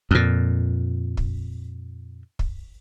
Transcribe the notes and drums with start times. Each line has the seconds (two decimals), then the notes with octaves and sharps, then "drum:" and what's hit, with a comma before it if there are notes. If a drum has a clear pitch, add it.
0.11 F2 A#2
1.17 drum: kick
2.39 drum: kick